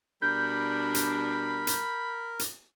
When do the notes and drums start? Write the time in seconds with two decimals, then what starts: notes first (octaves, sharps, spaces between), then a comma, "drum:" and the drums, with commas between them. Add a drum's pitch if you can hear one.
0.22 B2 G3 D4 A#4 B5 G6
0.95 drum: hi-hat
1.67 drum: hi-hat
2.39 drum: hi-hat